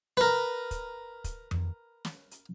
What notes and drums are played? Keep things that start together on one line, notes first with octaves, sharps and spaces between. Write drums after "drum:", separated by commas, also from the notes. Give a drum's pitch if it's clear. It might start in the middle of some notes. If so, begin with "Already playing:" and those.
A#4 B4, drum: hi-hat
drum: kick, hi-hat
drum: kick, hi-hat
drum: tom F2
drum: snare
drum: hi-hat